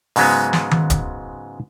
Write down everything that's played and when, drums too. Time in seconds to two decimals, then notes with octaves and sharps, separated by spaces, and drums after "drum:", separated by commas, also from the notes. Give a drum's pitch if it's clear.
0.16 G#2 C#3 F#3 G#3 B3, drum: open hi-hat
0.53 drum: snare
0.71 drum: tom D#3
0.90 drum: kick, hi-hat